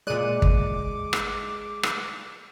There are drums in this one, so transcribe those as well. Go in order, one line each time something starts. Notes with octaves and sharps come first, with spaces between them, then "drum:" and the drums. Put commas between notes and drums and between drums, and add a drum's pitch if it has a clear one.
A#2 G#3 D5 D6 F#6 C#7 D#7
drum: kick
drum: rim click
drum: rim click